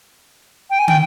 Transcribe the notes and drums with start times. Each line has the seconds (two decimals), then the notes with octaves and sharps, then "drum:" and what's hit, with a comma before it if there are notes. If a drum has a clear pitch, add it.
0.70 G5
0.79 G#5
0.88 G5, drum: tom